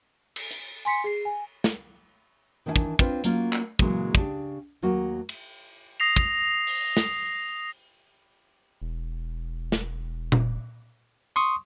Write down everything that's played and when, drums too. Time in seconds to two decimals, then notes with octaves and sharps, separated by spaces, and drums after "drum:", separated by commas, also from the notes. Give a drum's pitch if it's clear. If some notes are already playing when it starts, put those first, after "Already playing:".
0.36 drum: cymbal
0.51 drum: hi-hat
0.85 G#5 C6 B6 C#7, drum: tambourine
1.04 G#4 C7
1.25 G#5
1.64 drum: snare
2.66 D#3 E3 D4 E5 G#5
2.76 drum: kick
2.99 C4 D4 F4 B4, drum: kick
3.24 F#3 A#3 C#4 F4, drum: hi-hat
3.53 drum: clap
3.79 A#2 C#3 E3 F#3 G#3 A#3, drum: kick
4.15 C#3 D4 G4, drum: kick
4.82 D#2 F#3 A#3 F#4
5.29 drum: cymbal
6.00 D#6 A#6 C7 F7
6.16 drum: kick
6.67 drum: open hi-hat
6.97 drum: snare
8.82 E1
9.72 drum: snare
10.32 drum: tom A#2
11.36 C6 C#6 D#6, drum: tambourine